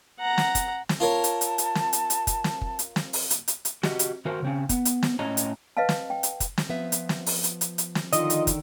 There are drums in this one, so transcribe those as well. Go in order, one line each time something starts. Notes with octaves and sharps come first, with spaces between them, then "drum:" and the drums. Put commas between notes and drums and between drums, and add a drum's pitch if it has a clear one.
F#5 A#5
drum: snare
drum: kick, hi-hat
drum: snare
F4 A#4 C#5 A5
drum: hi-hat
drum: hi-hat
drum: hi-hat
drum: snare
drum: hi-hat
drum: hi-hat
drum: kick, hi-hat
drum: snare
drum: kick
drum: hi-hat
drum: snare
drum: open hi-hat
drum: hi-hat
drum: hi-hat
drum: hi-hat
F#4 G4 D#5, drum: snare
drum: hi-hat
D#3 F#4 A#4 C5
C#3 C4 C#4
B3, drum: kick, hi-hat
drum: hi-hat
drum: snare
A2 C#4 C#5 D#5 A#5
drum: hi-hat
B4 D#5 F5 A5
drum: snare
G5
drum: hi-hat
drum: kick, hi-hat
drum: snare
F3 B3 E5
drum: hi-hat
drum: snare
drum: open hi-hat
drum: hi-hat
drum: hi-hat
drum: hi-hat
drum: snare
D3 D#3 F4 D#5, drum: hi-hat
drum: hi-hat
drum: kick, hi-hat